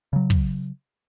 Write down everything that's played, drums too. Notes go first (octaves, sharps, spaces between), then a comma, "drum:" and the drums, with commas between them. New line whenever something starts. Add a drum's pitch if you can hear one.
C#3 F#3
drum: kick